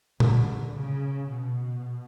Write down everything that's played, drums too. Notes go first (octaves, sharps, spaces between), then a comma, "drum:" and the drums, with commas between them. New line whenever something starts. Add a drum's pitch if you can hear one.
D3, drum: tom
C#3
B2